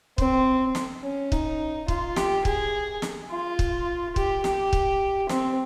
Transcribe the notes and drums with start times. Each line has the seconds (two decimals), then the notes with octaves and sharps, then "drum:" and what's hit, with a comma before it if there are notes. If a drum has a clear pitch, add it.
0.18 C4, drum: kick
0.75 drum: snare
1.03 C#4
1.32 D#4, drum: kick
1.88 F4, drum: kick
2.16 G4, drum: snare
2.45 G#4, drum: kick
3.02 drum: snare
3.31 F4
3.59 drum: kick
4.16 G4, drum: kick
4.44 G4, drum: snare
4.73 drum: kick
5.29 C4, drum: snare